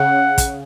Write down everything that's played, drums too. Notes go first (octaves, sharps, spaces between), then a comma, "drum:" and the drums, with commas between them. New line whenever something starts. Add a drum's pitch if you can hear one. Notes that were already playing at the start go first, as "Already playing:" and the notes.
Already playing: C#3 F#5
drum: kick, hi-hat